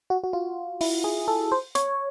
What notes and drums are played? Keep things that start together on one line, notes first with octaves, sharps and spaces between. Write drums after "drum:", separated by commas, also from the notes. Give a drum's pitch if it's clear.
F#4
F#4
F4
E4, drum: open hi-hat
G#4
A4
C5
C#5, drum: hi-hat